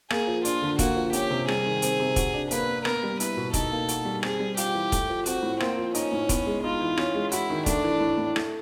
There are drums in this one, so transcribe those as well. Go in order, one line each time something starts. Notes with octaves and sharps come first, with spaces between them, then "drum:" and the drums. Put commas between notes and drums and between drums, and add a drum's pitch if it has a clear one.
A#3 G#4, drum: rim click
F3
D4 F4, drum: hi-hat
D3
A#3 F#4, drum: kick, hi-hat
F3
C#4 G4, drum: hi-hat
C3
G3 G#4, drum: rim click
D#3
C4, drum: hi-hat
C3
F#4, drum: kick, hi-hat
D4
A#3 B4, drum: hi-hat
A#3
B3 A#4, drum: rim click
G3
E4 B4, drum: hi-hat
B2
D#4 A4, drum: kick, hi-hat
A#3
F#4, drum: hi-hat
G3
C4 G#4, drum: rim click
G3
F4 G4, drum: hi-hat
E3
A3, drum: kick, hi-hat
F3
C4 F#4, drum: hi-hat
A2
A#3 C4, drum: rim click
F3
C#4 D#4, drum: hi-hat
A2
B3, drum: kick, hi-hat
G#3
D#4 F4
E3
C#4, drum: rim click
G#3
E4 F#4, drum: hi-hat
D#3
A3 D4, drum: kick, hi-hat
E3
A2
A2
A3, drum: rim click